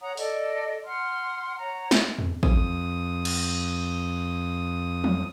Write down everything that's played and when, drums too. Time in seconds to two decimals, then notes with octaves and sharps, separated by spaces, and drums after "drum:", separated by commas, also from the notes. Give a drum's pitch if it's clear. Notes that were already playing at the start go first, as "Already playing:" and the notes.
0.01 C#5 F#5 A#5 D#6
0.17 A4 D5 D#5, drum: open hi-hat
0.85 F#5 C6 F6
1.58 C#5 F#5 A#5
1.91 drum: snare
2.19 drum: tom E2
2.43 F2 D#6, drum: kick
3.25 drum: cymbal
5.04 drum: tom F3